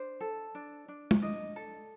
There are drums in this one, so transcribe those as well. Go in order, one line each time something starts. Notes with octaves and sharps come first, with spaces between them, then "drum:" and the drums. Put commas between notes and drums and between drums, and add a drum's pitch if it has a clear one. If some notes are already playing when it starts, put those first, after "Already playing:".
Already playing: D4 C5
A4
D4
D4
drum: tom
D4 D#5
A4